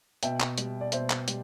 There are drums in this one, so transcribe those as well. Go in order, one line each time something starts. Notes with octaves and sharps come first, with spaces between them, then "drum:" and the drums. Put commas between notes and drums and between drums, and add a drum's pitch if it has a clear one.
B2 E5 G5, drum: hi-hat
drum: clap
G3, drum: hi-hat
D5
B2 C5 E5, drum: hi-hat
drum: clap
G3, drum: hi-hat